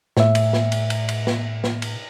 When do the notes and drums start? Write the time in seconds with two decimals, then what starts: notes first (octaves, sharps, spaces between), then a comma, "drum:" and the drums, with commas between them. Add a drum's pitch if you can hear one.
0.17 A2 E5, drum: snare
0.35 drum: cymbal
0.53 drum: snare
0.72 drum: cymbal
0.90 drum: cymbal
1.09 drum: cymbal
1.27 drum: snare
1.64 drum: snare
1.82 drum: cymbal